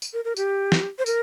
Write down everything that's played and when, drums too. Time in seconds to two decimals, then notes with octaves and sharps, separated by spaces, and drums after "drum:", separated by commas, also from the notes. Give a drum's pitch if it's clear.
0.02 drum: tambourine
0.13 A#4
0.25 A#4
0.37 G4, drum: tambourine
0.72 drum: snare
0.99 C5
1.06 A#4, drum: tambourine